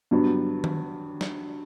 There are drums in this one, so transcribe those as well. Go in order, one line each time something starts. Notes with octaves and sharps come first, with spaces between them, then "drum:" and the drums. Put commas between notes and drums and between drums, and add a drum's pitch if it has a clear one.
G2 F#3 B3
drum: tom D#3
drum: snare